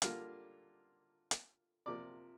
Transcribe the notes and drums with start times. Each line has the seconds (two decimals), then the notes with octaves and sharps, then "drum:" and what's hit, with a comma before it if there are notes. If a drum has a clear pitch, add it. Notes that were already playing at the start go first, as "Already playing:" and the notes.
0.02 D3 G3 A#3 F4 F5, drum: hi-hat
1.31 drum: hi-hat
1.86 C3 F3 A#3 D5 D6